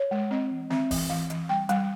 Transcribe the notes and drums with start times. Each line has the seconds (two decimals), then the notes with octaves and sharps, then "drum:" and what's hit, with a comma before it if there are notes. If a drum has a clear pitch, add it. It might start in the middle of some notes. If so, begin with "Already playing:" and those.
Already playing: C#5
0.11 G#3
0.31 C4 D#5
0.51 E3
0.70 C4 E5, drum: snare
0.91 E3, drum: kick E1, open hi-hat
1.09 E3 F5
1.30 E3, drum: hi-hat
1.49 G3 G5
1.69 G3, drum: hi-hat